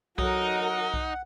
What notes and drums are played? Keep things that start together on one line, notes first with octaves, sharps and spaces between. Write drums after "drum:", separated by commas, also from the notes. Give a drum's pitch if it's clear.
F#3 D#4 F#4 A4 A#4 F#5, drum: kick B1
drum: kick B1